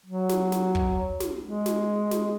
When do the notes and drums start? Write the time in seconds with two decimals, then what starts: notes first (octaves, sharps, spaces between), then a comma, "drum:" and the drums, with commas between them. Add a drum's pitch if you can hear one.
0.06 F#3
0.29 drum: snare
0.52 drum: snare
0.75 drum: kick
1.20 drum: snare
1.44 G#3
1.66 drum: snare
2.11 drum: snare